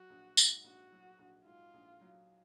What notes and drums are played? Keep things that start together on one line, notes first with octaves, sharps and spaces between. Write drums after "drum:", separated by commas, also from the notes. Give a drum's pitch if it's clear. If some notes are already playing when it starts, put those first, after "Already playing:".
Already playing: F#3 F#4
A#1
G#2, drum: tambourine
A#1 F#4
F#3
A#1
G#2 F4
A#1
F#3